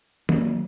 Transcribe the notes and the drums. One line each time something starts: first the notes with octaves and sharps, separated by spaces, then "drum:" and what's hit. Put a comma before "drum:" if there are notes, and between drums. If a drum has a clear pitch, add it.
D#3 F#3 A#3, drum: tom D#3